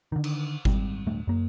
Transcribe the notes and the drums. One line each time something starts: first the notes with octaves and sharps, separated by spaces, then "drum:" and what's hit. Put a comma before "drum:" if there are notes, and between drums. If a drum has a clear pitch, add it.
D3 D#3
drum: cymbal
G#1 G#2 G3 C4, drum: kick G1
D1 G2 A3
F#2 A#3